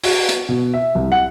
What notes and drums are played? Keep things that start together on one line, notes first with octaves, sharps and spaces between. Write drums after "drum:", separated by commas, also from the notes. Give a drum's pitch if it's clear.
F#4, drum: open hi-hat
drum: hi-hat
B2
E5
C2
F#5